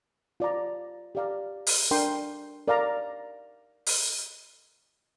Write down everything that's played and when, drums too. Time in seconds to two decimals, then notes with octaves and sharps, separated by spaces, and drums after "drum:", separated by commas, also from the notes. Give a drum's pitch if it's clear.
0.40 F4 D5 A#5
1.15 G4 D5 F5 A#5
1.67 drum: open hi-hat
1.91 D4 A#4 G5 C6
2.68 A#4 D5 F5 A#5
3.86 drum: open hi-hat